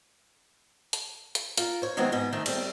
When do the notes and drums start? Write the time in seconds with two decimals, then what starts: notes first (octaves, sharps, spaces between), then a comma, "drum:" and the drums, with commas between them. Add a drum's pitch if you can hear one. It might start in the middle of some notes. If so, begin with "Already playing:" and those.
0.93 drum: hi-hat
1.35 drum: hi-hat
1.57 F4 A#4, drum: hi-hat
1.82 C5 C#5
1.97 D#3 F#3 G#3 B3 C4 E4
2.12 G#2 B3 D#5
2.33 D#3 A3 C4
2.46 G3 C4, drum: cymbal